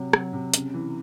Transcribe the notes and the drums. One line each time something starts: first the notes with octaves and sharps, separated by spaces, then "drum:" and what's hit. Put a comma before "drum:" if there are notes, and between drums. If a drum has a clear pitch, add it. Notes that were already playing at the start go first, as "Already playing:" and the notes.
Already playing: C3 F#3
F#3, drum: rim click
C3
C#3, drum: hi-hat
E3